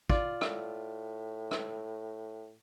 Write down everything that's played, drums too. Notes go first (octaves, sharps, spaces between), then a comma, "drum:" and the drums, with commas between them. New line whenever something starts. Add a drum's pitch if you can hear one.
F4 D5, drum: kick
A2, drum: rim click
drum: rim click